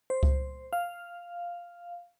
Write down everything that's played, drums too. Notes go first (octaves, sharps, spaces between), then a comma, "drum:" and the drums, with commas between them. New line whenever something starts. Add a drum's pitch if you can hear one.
C5
drum: kick C#2
F5